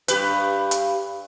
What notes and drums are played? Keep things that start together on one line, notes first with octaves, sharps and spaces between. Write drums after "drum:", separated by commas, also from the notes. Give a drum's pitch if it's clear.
G2 G4 B4, drum: hi-hat
drum: hi-hat